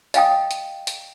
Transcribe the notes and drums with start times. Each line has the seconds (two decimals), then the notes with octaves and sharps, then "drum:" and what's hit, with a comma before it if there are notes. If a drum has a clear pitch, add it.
0.14 D#5 F5 G5 D#6, drum: hi-hat
0.51 drum: hi-hat
0.87 drum: hi-hat